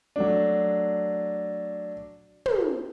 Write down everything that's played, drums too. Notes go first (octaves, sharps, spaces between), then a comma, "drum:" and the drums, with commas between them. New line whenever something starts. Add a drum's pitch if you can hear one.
F#3 A3 D4
drum: tom